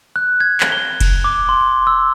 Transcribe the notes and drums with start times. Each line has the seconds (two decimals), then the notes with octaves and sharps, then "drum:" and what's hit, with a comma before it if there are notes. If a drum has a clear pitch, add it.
0.16 F#6
0.40 G#6
0.60 drum: clap
0.72 G7
1.00 drum: kick F1, cymbal
1.24 D6
1.49 C6
1.87 E6